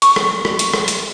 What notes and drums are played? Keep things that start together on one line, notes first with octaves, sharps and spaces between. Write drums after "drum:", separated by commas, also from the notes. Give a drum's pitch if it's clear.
C#6, drum: hi-hat
drum: rim click
drum: rim click
drum: hi-hat
drum: rim click
drum: hi-hat